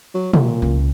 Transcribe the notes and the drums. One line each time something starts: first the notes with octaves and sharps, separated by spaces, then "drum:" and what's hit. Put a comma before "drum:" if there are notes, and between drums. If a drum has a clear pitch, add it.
F#3
A#2, drum: tom
C#2